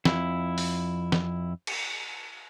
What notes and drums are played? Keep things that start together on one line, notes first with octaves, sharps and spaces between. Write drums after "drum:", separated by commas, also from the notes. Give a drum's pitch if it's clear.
F2 E4, drum: snare
drum: open hi-hat
drum: snare
drum: cymbal